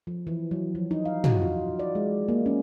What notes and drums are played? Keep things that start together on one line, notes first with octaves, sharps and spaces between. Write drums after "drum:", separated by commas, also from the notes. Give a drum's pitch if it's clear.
F3
E3
F#3
F3
D#4
F5
F#4, drum: tom
F4
D5
G#3
A#3
C#4